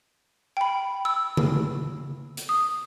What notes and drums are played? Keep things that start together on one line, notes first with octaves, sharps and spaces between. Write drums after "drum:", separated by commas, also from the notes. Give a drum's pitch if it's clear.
G5 B5
E6
drum: tom C#3
drum: hi-hat
D#6